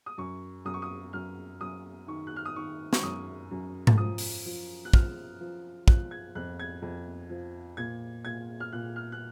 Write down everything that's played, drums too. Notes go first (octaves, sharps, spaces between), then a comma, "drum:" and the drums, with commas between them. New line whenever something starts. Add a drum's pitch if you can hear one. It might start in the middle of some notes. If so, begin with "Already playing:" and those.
D#6
F#2 C#6
F#2 D#6
C#6
D#6
F#2 F6
F#2 D#6
D#3 C#6
F#6
F6
D#6
D#3 C#6
C#6, drum: snare
F#2 D#6
F#2
drum: tom G#2
F3 D#6
drum: open hi-hat
F3
F#6
F3 F6, drum: kick
F3
F3 F#6, drum: kick
G#6
F2 F#6
G#6
F2
F3
A#2 G#6
A#2 G#6
F6
A#2 F#6
F6
F#6